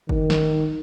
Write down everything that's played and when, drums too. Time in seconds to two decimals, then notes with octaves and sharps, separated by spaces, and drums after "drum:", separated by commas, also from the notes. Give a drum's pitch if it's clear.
0.09 D#3, drum: kick G1
0.30 drum: snare